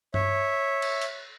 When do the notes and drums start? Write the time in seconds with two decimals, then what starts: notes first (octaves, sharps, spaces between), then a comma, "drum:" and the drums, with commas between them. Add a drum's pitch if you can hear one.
0.14 C#5 E5, drum: tom G2
0.82 drum: cymbal
1.02 drum: hi-hat